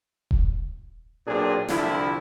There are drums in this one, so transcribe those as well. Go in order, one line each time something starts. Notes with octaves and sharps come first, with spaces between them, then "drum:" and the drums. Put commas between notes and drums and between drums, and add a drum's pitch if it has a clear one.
drum: kick D#1
B1 A#2 C4 D4 G#4
C2 D3 F3 E4, drum: snare